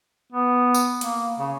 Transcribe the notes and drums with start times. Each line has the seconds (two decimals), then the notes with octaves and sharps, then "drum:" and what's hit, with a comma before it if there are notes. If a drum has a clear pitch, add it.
0.32 B3
0.74 drum: tambourine
1.01 A#3, drum: hi-hat
1.38 C#3